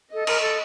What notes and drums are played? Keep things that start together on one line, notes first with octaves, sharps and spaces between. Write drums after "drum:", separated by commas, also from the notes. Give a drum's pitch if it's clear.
A4 D#5
A#4, drum: cymbal
A4